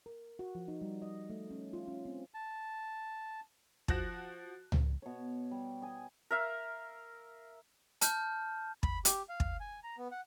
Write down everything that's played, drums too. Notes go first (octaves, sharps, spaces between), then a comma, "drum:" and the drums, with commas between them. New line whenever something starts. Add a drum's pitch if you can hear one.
A#4
F#4
F3
D#4
G3
D#5
A3
C#4
F4
C#4
C4
A5
F3 F#4 F#6 A#6 E7, drum: kick
drum: tom C#2
B2 C#5
G3
D#5 G#5
A#4 E5 F5
A5 F6 G6, drum: hi-hat
B5, drum: kick
G4, drum: hi-hat
F5
drum: kick
G#5
A#5
B3
F#5